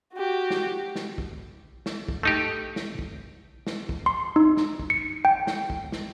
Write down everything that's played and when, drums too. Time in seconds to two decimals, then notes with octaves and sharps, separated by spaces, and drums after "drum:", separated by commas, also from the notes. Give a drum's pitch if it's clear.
0.14 F#4 G4
0.50 drum: snare
0.96 drum: snare
1.18 drum: kick
1.86 drum: snare
2.08 drum: kick
2.23 A3 D#4 G4
2.76 drum: snare
2.99 drum: kick
3.67 drum: snare
3.89 drum: kick
4.06 C6
4.36 D#4
4.57 drum: snare
4.79 drum: kick
4.90 C#7
5.25 G5
5.47 drum: snare
5.70 drum: kick
5.92 drum: snare